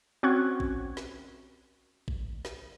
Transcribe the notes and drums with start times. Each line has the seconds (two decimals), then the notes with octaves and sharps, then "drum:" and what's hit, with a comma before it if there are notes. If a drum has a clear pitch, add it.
0.23 C4 C#4 F#4 C#6 F#6 G#6
0.60 drum: kick A1
0.97 drum: snare
2.08 drum: kick A1
2.45 drum: snare